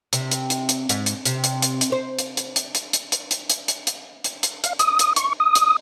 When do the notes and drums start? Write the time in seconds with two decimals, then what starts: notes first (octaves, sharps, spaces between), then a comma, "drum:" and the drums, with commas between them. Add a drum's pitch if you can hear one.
0.13 C3, drum: hi-hat
0.31 drum: hi-hat
0.50 drum: hi-hat
0.69 drum: hi-hat
0.89 G#2, drum: hi-hat
1.06 drum: hi-hat
1.25 C3, drum: hi-hat
1.44 drum: hi-hat
1.62 drum: hi-hat
1.81 drum: hi-hat
1.92 C5
2.19 drum: hi-hat
2.37 drum: hi-hat
2.56 drum: hi-hat
2.75 drum: hi-hat
2.93 drum: hi-hat
3.12 drum: hi-hat
3.31 drum: hi-hat
3.50 drum: hi-hat
3.68 drum: hi-hat
3.87 drum: hi-hat
4.24 drum: hi-hat
4.43 drum: hi-hat
4.64 F5, drum: hi-hat
4.79 D#6, drum: hi-hat
4.99 drum: hi-hat
5.16 C#6, drum: hi-hat
5.40 D#6
5.55 drum: hi-hat